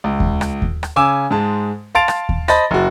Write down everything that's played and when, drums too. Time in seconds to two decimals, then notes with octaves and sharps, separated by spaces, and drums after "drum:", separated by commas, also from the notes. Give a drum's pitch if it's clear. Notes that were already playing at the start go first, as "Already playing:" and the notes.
0.04 C#2
0.20 drum: kick D#2
0.41 drum: rim click
0.62 drum: kick D#2
0.83 drum: rim click
0.96 C#3 G#5 D6 E6 E7
1.31 G#2 G#3 A5
1.95 F5 A5 C6 A6 D7 F7
2.08 drum: rim click
2.29 drum: kick D#2
2.48 C5 D#5 A5 B5 A6 A#6, drum: rim click
2.71 F#1 F#4